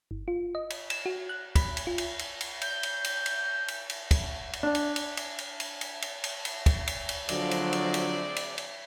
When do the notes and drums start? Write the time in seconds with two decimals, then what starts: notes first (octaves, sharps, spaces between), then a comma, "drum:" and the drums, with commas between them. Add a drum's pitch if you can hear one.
0.11 G1
0.28 F4
0.55 D#5
0.70 drum: cymbal
0.90 E7, drum: cymbal
1.06 F#4
1.29 F#6
1.55 B5, drum: kick, cymbal
1.77 drum: cymbal
1.87 F4
1.98 drum: cymbal
2.19 drum: cymbal
2.41 drum: cymbal
2.61 G6, drum: cymbal
2.83 drum: cymbal
3.04 drum: cymbal
3.26 drum: cymbal
3.68 drum: cymbal
3.90 drum: cymbal
4.11 drum: kick, cymbal
4.53 drum: cymbal
4.63 D4
4.75 drum: cymbal
4.96 drum: cymbal
5.17 drum: cymbal
5.38 drum: cymbal
5.60 drum: cymbal
5.81 drum: cymbal
6.02 drum: cymbal
6.24 drum: cymbal
6.45 drum: cymbal
6.66 drum: kick, cymbal
6.87 drum: cymbal
7.09 drum: cymbal
7.29 D3 F3 F#3 G#3 C4 D5, drum: cymbal
7.51 drum: cymbal
7.73 drum: cymbal
7.94 drum: cymbal
8.36 drum: cymbal
8.58 drum: cymbal